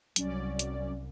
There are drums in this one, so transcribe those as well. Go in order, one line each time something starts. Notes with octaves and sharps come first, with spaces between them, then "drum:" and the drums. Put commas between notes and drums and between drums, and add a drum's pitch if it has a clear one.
C2 F#3 C#4 D5, drum: hi-hat
drum: hi-hat